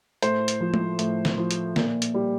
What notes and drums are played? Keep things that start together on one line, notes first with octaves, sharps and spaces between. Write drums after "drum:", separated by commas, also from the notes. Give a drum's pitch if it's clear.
A2 C5, drum: hi-hat
drum: hi-hat
F3
drum: tom G#3
A2, drum: hi-hat
drum: snare
F3
drum: hi-hat
A#2, drum: snare
drum: hi-hat
G3